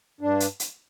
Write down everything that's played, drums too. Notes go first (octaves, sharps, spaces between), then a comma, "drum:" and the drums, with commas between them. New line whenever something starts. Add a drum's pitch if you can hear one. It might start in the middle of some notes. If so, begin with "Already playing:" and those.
G2 D4
drum: hi-hat
drum: hi-hat